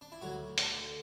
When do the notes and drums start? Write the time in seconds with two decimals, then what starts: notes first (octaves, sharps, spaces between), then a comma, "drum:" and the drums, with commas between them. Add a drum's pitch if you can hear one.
0.01 D4
0.12 E4
0.21 D2 F#3 F#4
0.58 D3 D4, drum: hi-hat